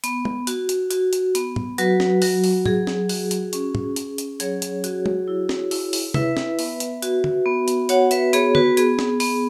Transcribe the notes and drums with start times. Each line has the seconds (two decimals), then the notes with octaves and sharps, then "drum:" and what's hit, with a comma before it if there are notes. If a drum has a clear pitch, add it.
0.04 B3, drum: hi-hat
0.25 drum: tom G#3
0.47 F#4, drum: hi-hat
0.69 drum: hi-hat
0.91 F#4, drum: hi-hat
1.13 drum: hi-hat
1.35 B3, drum: hi-hat
1.56 drum: tom
1.78 F#3 F#4 B4, drum: hi-hat
2.00 drum: snare
2.22 F#3 F#4, drum: open hi-hat
2.44 drum: open hi-hat
2.66 F#3 G#4, drum: tom
2.87 drum: snare
3.09 F#4, drum: open hi-hat
3.31 drum: hi-hat
3.53 C#4, drum: hi-hat
3.75 drum: tom
3.96 C#4, drum: hi-hat
4.18 drum: hi-hat
4.40 F#3 G#4 C#5, drum: hi-hat
4.62 drum: hi-hat
4.84 F#4, drum: hi-hat
5.06 drum: tom G#3
5.28 E4
5.49 drum: snare
5.71 E4, drum: open hi-hat
5.93 drum: open hi-hat
6.14 E4 B4 E5, drum: tom C3
6.37 drum: snare
6.59 B3, drum: open hi-hat
6.80 drum: hi-hat
7.02 F#4, drum: hi-hat
7.24 drum: tom
7.46 B3
7.68 drum: hi-hat
7.89 F#4 C#5 F#5, drum: hi-hat
8.11 B4 E5, drum: hi-hat
8.33 B3 G#4 C#5, drum: hi-hat
8.55 F#4 B4, drum: tom
8.77 B3 G#4, drum: hi-hat
8.99 drum: snare
9.20 B3, drum: open hi-hat